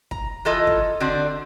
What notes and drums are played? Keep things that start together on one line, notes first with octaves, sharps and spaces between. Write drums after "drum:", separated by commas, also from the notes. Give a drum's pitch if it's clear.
A#5, drum: kick
E3 F4 A4 D#5
drum: kick
D3 C4 D4 F#4